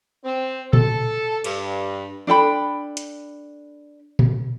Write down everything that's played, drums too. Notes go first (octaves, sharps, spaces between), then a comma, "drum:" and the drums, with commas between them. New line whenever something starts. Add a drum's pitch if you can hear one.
C4
A4, drum: tom A#2
G2, drum: cymbal
D4 A4 G5 B5
drum: hi-hat
drum: tom A#2